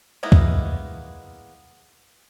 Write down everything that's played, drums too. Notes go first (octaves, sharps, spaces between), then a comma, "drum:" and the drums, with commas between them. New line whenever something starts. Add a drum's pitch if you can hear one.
G#3 A#3 B3 D#4 E4
drum: kick C#2